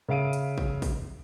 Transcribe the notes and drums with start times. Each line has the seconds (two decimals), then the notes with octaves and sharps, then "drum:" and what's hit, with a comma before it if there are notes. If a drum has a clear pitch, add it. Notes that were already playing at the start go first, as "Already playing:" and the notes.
0.08 C#3 E5 F5 D7 D#7
0.33 drum: hi-hat
0.58 drum: kick
0.82 drum: kick, open hi-hat